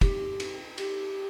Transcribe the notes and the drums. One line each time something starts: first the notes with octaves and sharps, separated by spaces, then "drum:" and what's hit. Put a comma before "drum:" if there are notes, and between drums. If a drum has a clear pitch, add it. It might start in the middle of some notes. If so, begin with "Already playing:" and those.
G4, drum: kick, cymbal
drum: cymbal
G4, drum: cymbal